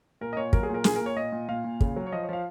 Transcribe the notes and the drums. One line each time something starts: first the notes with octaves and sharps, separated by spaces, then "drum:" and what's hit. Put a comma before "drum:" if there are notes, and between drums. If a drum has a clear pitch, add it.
A#2 A#4
D#5
A#2 C#5
F#3 A#4, drum: kick
G#4
A#2
A#4
A#2 G#4, drum: snare
A#4
A#2
C#5
A#2 D#5
A#2
A#2 F5
A#2
C#3, drum: kick
F#3
C#5
F3 D#5
C#5
F3 F5